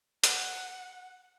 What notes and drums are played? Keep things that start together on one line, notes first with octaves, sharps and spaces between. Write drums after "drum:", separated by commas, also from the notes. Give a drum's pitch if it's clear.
F#5, drum: hi-hat